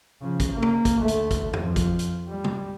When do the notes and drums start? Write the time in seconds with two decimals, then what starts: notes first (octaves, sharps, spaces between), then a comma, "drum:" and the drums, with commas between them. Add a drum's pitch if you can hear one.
0.21 C#3 F3
0.40 drum: kick, hi-hat
0.52 A#3
0.63 drum: tom
0.85 drum: kick, hi-hat
0.97 D2 A3
1.08 drum: hi-hat
1.31 drum: kick, hi-hat
1.53 F2 F3, drum: tom E2
1.76 drum: kick, hi-hat
1.99 drum: hi-hat
2.28 G3
2.44 drum: tom